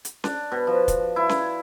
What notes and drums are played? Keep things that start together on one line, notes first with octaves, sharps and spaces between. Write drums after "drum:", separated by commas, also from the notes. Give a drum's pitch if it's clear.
drum: hi-hat
D4, drum: snare C#4
B2
F3
drum: kick, hi-hat
E4
drum: snare C#4